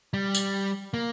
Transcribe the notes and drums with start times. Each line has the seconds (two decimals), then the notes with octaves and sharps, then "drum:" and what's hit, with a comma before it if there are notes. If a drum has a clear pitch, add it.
0.14 G3
0.35 drum: tambourine
0.94 A#3